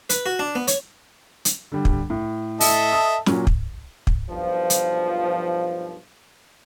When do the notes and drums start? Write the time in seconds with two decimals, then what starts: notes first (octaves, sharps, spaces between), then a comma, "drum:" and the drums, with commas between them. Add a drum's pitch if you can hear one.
0.10 B4, drum: hi-hat
0.26 F#4
0.39 D4
0.55 B3
0.68 C#5, drum: hi-hat
1.45 drum: hi-hat
1.72 D3 G3
1.85 drum: kick
2.10 A2
2.61 A4 D#5 E5, drum: open hi-hat
2.93 A5 D#6
3.26 A#2 F#3 C#4, drum: snare
3.47 drum: kick
4.07 drum: kick
4.28 B1 G2 F3
4.70 drum: hi-hat